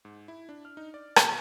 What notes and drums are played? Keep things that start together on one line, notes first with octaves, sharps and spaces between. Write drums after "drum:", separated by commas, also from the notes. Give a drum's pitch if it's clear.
G#2
E4
D4
F6
D#4
D5
B2, drum: rim click